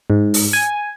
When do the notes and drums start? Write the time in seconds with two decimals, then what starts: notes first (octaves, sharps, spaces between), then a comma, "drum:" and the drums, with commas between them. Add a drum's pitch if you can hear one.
0.10 G#2
0.34 drum: open hi-hat
0.53 G#5